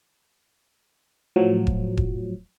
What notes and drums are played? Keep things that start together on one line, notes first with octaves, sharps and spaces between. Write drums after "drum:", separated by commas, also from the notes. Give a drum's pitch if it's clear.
A2 F3 F#3
drum: kick E1
drum: kick E1